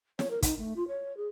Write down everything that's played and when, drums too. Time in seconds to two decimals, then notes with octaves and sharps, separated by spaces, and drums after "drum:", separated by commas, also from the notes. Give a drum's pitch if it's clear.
0.19 C#5, drum: snare
0.31 A#4
0.42 D#4, drum: kick, hi-hat
0.58 A3
0.76 F4
0.88 C#5
1.17 G#4